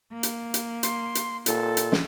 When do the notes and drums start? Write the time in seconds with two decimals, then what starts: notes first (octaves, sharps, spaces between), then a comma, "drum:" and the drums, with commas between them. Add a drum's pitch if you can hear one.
0.12 A#3
0.23 drum: hi-hat
0.54 drum: hi-hat
0.83 C6, drum: hi-hat
1.15 drum: hi-hat
1.46 A#2 A4, drum: hi-hat
1.77 drum: hi-hat
1.92 drum: snare